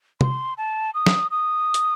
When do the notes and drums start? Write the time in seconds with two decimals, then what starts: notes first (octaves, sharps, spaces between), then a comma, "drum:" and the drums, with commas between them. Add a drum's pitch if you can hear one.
0.21 C6, drum: tom C3
0.58 A5
0.94 D#6
1.06 drum: snare
1.31 D#6
1.74 drum: hi-hat